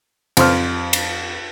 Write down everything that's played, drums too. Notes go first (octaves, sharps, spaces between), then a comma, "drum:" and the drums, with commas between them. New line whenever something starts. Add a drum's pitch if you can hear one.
F2 C5 F6, drum: cymbal
drum: cymbal